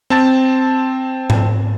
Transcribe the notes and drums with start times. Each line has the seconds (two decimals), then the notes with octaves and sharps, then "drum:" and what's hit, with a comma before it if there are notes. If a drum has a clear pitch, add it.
0.10 C4 A5 A6
1.30 drum: tom G#2